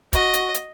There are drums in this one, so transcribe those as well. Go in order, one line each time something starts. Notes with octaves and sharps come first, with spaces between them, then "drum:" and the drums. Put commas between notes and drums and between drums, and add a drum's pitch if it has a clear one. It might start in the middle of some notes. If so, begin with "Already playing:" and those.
F#4 D#5, drum: kick, hi-hat
drum: hi-hat
drum: hi-hat